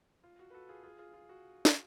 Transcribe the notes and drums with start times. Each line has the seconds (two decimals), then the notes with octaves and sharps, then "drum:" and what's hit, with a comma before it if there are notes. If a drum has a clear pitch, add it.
0.24 F4
0.39 F#4
0.50 B4
0.54 F#4 A4
0.69 F4 G#4
0.83 F4 G#4
0.98 F4 G#4
1.14 F4
1.29 F#4
1.65 drum: snare